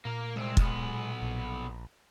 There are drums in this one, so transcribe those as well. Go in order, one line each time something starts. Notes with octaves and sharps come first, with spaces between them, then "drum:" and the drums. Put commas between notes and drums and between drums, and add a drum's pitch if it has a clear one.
A#2 A#3 A#4
C2 G#3 C4
B1 B3, drum: kick
A#1